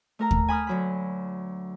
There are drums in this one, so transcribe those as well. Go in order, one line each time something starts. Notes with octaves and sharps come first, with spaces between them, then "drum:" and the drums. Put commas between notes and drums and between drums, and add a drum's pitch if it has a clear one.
A3 A#4 A#5
drum: kick D#2
G#5 B5 D#6 F6
D2 F#3 B5